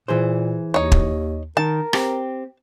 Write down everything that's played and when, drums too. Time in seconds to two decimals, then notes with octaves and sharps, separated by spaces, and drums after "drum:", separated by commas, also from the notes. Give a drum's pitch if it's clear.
0.08 A#2 E3 G#4 C5
0.74 D#2 D#4 C#5
0.92 drum: kick
1.57 D#3 A#4 A5
1.93 C4 G4, drum: rim click